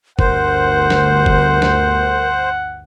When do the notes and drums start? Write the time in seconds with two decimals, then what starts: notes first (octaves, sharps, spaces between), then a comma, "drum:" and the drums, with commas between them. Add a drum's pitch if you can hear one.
0.19 G1 D2 A#4 C5 F#5, drum: kick
0.90 drum: snare
1.26 drum: kick
1.62 drum: snare